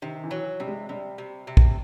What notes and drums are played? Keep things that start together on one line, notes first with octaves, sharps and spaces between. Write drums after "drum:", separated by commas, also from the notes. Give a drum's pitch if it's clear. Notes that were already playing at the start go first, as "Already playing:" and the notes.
C3 D#3
E3
F#3
C3 G3
G#3
C3 G3
C3
C3
drum: kick